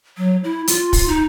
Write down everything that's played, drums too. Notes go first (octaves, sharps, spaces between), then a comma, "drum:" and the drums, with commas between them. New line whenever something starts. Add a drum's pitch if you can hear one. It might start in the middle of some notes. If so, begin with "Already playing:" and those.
F#3
E4
F4, drum: hi-hat
drum: kick, open hi-hat
D#4